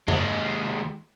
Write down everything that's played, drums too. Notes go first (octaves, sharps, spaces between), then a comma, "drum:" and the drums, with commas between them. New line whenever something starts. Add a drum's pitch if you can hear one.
D#2 G#3, drum: tom F2